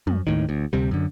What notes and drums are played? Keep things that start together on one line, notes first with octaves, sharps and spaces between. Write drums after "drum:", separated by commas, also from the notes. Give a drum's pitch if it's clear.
F#2, drum: tom
D#2 A2 D#3
D2
D2 C3 G3
F#2 D3